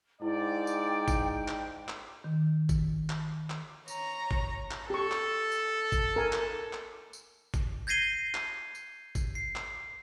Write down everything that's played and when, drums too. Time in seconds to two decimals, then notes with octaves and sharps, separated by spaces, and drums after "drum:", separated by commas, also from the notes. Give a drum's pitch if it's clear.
0.22 G#2 E4 D5 G5
0.67 drum: tambourine
1.08 drum: kick G#1, tambourine
1.48 drum: clap
1.88 drum: clap
2.24 D#3
2.69 drum: kick G#1, tambourine
3.10 drum: clap
3.50 drum: clap
3.88 C#5 A#5, drum: tambourine
4.31 drum: kick G#1
4.71 drum: clap
4.90 G4 A4 C#6
5.11 drum: clap
5.52 drum: tambourine
5.92 drum: kick G#1, tambourine
6.16 A#4 G#5
6.33 drum: clap
6.73 drum: clap
7.13 drum: tambourine
7.54 drum: kick G#1, tambourine
7.87 G6 G#6 A#6 C7 D#7 G7
8.34 drum: clap
8.75 drum: tambourine
9.15 drum: kick G#1, tambourine
9.35 C7
9.56 drum: clap